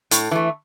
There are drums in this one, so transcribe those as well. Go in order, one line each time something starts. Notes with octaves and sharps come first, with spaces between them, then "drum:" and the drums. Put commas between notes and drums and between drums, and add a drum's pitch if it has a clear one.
A2, drum: hi-hat
E3 A3